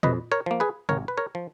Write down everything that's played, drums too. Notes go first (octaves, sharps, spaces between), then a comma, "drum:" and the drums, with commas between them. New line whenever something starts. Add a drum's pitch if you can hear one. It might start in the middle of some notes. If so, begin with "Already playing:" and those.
F2 B4 D#5, drum: tom A#2
A#4 C#5
F3 A#3
G#4 B4
G#1 A#4 C#5, drum: tom B2
B4
A#4 C#5
F3